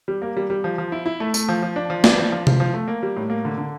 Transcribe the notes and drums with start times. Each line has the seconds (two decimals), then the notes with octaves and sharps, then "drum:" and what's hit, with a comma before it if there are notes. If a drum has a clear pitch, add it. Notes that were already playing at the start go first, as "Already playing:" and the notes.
0.08 G3
0.22 A#3
0.37 G3
0.50 G3
0.64 F3
0.78 F3
0.92 E4
1.06 E4
1.20 A3
1.34 A3, drum: tambourine
1.49 F3
1.62 F3
1.76 D4
1.90 F3
2.04 D4, drum: snare
2.19 F3
2.32 F3
2.47 F3, drum: tom C3
2.60 F3
2.74 A3
2.88 A#3
3.03 G3
3.16 A2
3.30 A#3
3.45 D3
3.58 D3